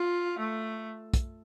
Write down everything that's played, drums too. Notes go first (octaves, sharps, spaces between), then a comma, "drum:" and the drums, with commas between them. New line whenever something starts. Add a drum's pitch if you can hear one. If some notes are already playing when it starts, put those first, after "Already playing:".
Already playing: F4
A3
drum: kick, hi-hat